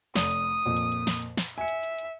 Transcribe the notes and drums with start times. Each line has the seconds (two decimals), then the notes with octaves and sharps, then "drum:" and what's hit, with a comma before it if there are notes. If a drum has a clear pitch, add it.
0.16 F1 D#6, drum: snare
0.31 drum: hi-hat
0.66 F2 A#2
0.76 drum: hi-hat
0.92 drum: hi-hat
1.07 drum: snare
1.22 drum: hi-hat
1.37 drum: snare
1.58 E5 G#5 C#7
1.68 drum: hi-hat
1.83 drum: hi-hat
1.98 drum: hi-hat